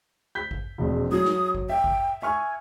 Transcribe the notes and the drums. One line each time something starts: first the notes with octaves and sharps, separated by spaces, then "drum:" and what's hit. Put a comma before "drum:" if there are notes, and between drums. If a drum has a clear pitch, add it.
G6 B6
drum: kick G#1
E1 A#1 F2
F#3 D#6
drum: snare
drum: kick G#1
E5 G5
drum: kick G#1
E5 G#5 C#6 F6